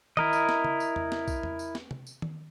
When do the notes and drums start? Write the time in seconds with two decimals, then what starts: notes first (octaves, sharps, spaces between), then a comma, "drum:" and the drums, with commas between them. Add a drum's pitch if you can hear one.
0.17 E4 A#4 D#5, drum: tom D#3
0.33 drum: tambourine
0.49 drum: snare
0.64 drum: tom C#3
0.80 drum: tambourine
0.96 drum: tom E2
1.12 drum: snare
1.28 drum: kick, tambourine
1.43 drum: tom E2
1.59 drum: tambourine
1.75 drum: snare
1.91 drum: tom C3
2.07 drum: tambourine
2.22 drum: tom D#3